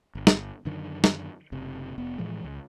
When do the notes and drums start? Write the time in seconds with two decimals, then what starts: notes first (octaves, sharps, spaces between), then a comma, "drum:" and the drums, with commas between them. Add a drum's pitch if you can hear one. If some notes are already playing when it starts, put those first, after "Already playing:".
0.15 G1
0.27 drum: snare
0.65 F#2 D3 D#3
1.04 drum: snare
1.52 F#1 C3
1.98 F1 B3
2.18 A2 E3 F3 G#3
2.44 C#2